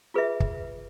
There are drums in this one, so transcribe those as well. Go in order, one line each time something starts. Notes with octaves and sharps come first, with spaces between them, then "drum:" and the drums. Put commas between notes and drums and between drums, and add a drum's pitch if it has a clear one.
F4 G#4 B4 E5
drum: kick